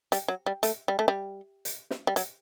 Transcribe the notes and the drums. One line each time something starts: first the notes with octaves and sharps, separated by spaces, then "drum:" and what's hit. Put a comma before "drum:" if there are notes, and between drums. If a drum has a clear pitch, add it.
G3, drum: hi-hat
F#3
G3
A3, drum: hi-hat
G3
A3
G3
drum: hi-hat
drum: snare
G3
F#3, drum: hi-hat